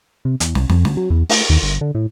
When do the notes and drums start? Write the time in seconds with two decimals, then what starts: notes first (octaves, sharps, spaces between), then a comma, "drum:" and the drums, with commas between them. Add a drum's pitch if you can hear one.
0.25 C3
0.40 E2, drum: hi-hat
0.55 C2, drum: snare
0.70 F2, drum: snare
0.85 D2, drum: snare
0.97 F#3
1.10 E2
1.29 A3, drum: open hi-hat
1.50 D#2
1.62 G1
1.81 D3
1.95 A2